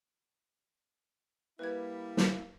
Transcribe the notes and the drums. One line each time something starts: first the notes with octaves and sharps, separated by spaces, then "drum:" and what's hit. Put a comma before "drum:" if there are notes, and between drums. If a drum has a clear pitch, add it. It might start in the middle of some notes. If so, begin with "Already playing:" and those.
G3 A#3 E4 B4 G#6
drum: snare